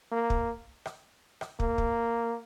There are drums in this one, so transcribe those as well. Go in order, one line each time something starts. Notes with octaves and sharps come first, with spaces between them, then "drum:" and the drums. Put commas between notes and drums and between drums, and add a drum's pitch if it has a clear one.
A#3
drum: kick
drum: rim click
drum: rim click
A#3, drum: kick
drum: kick